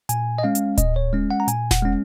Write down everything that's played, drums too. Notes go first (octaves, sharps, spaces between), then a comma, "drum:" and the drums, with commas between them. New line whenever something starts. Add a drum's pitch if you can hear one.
A#2 G#5, drum: hi-hat
D#5
G#3 C#4 F5
drum: hi-hat
A#2 D#5, drum: kick D1, hi-hat
C#5
G#3 C#4
F#5
A#5
A#2 G#5, drum: hi-hat
F#5, drum: snare E1
G#3 C#4